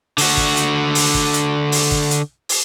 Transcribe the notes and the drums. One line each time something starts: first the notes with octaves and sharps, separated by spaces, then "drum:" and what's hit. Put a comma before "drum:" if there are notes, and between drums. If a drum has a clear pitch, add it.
D3 F#4, drum: open hi-hat
drum: kick
drum: hi-hat
drum: open hi-hat
drum: kick
drum: hi-hat
drum: open hi-hat
drum: kick
drum: hi-hat
drum: open hi-hat